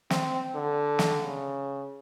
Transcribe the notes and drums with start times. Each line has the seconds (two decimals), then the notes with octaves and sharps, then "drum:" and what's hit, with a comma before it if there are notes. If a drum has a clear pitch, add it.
0.10 C4, drum: snare
0.55 D3
0.99 drum: snare
1.24 C#3